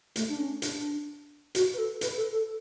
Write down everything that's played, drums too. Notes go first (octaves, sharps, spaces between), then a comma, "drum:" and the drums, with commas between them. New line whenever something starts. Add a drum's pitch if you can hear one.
A3, drum: hi-hat
D4
C#4
D4, drum: hi-hat
F#4, drum: hi-hat
B4
A4
B4, drum: hi-hat
A4
A4